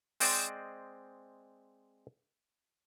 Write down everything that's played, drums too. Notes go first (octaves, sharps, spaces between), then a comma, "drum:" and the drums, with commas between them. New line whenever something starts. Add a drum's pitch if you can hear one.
G#3 C4 C5 D5 D#5, drum: open hi-hat